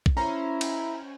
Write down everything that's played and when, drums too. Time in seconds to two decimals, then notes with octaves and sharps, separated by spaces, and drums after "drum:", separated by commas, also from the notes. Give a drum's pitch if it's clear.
0.06 drum: kick
0.17 C#4 E4 C5 A#5
0.61 drum: cymbal